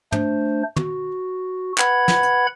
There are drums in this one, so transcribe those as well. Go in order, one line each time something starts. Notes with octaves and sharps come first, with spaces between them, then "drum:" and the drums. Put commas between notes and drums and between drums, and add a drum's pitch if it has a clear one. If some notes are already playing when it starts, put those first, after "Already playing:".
A3 D4 C5, drum: tom
F#4, drum: tom
B4 F#5 B5 G#6, drum: clap
drum: snare
drum: hi-hat